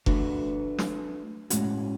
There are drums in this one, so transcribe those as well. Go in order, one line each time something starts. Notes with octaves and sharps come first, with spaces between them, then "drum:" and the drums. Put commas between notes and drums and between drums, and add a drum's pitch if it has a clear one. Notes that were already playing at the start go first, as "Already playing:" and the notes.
A3 D4 F#4 B4, drum: kick F1
drum: snare
A2 G#3 C#4 F#4, drum: hi-hat